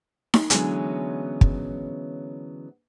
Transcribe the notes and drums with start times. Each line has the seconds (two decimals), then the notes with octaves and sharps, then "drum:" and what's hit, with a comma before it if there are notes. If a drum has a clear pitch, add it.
0.34 drum: snare D#4
0.50 D3 E3 F#3 G#3 B3 C#4, drum: hi-hat
1.41 drum: kick